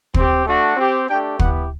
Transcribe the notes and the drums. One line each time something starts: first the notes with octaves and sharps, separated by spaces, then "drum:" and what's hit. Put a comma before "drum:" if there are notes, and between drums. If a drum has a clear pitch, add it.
C4 G4, drum: kick
A3 D4 F#4
C4 G4
A3 D4 G4 G5
B3 E4 G4 F#5, drum: kick